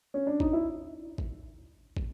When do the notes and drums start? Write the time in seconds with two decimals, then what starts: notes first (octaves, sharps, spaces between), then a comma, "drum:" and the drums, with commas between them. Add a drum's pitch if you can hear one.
0.14 C#4
0.27 D4
0.40 D#4, drum: kick
0.53 E4
1.18 drum: kick
1.97 drum: kick